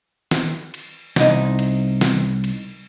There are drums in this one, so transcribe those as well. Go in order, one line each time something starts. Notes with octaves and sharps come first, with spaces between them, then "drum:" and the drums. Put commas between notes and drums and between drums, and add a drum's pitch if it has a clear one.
drum: snare
drum: cymbal
C2 D#4, drum: snare
drum: cymbal
drum: snare
drum: cymbal